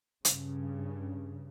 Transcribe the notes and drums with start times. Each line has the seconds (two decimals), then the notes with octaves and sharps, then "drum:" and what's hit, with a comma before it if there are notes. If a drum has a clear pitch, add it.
0.25 G2 C#3, drum: hi-hat